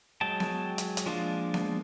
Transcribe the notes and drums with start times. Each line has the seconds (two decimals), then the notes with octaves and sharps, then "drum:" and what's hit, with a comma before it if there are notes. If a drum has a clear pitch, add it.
0.21 F#3 G#3 G5 A5
0.40 drum: snare B3
0.78 drum: hi-hat
0.97 drum: hi-hat
1.06 F3 G#3 A#3 D4 F4
1.54 drum: snare B3